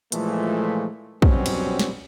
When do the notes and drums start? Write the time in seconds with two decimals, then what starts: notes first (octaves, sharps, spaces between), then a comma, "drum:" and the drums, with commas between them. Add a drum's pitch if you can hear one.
0.12 A#2 E3 F3 G#3 A3, drum: hi-hat
1.22 A#1 B2 F#3 G3 C4 C#4, drum: kick
1.46 drum: cymbal
1.80 drum: snare